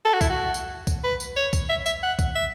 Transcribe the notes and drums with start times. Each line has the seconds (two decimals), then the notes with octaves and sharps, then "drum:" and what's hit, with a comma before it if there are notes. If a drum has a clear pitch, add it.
0.05 A4
0.14 F#4
0.21 E4, drum: kick C2, tambourine
0.30 F#4
0.54 drum: tambourine
0.87 drum: kick C2, tambourine
1.04 B4
1.20 drum: tambourine
1.37 C#5
1.53 drum: kick C2, tambourine
1.69 E5
1.86 E5, drum: tambourine
2.03 F#5
2.19 drum: kick C2, tambourine
2.35 E5